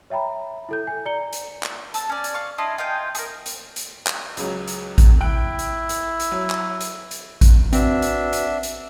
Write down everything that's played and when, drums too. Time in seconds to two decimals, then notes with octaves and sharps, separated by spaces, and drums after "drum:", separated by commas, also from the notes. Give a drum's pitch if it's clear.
0.10 C#5 E5 G5 A#5 B5
0.69 E4 A4 G6
0.87 G#5
1.05 D5 A#5 C#7 G7
1.33 drum: hi-hat
1.63 drum: clap
1.94 A5 E6, drum: hi-hat
2.09 C#4 D5
2.24 drum: hi-hat
2.34 F5 C#6
2.58 D4 E4 F4 D#5
2.78 F4 D#5 G5 G#5
3.15 G#4 A#4, drum: hi-hat
3.46 drum: hi-hat
3.76 drum: hi-hat
4.07 drum: clap
4.37 C#2 C#3 F#3, drum: hi-hat
4.67 drum: hi-hat
4.98 drum: kick A1, hi-hat
5.21 E4 G5 F#6 D7
5.59 drum: hi-hat
5.89 drum: hi-hat
6.20 drum: hi-hat
6.32 F#3
6.50 drum: clap
6.81 drum: hi-hat
7.11 drum: hi-hat
7.41 drum: kick A1, hi-hat
7.73 C4 D4 F#4 B4 E5, drum: hi-hat
8.02 drum: hi-hat
8.33 drum: hi-hat
8.63 drum: hi-hat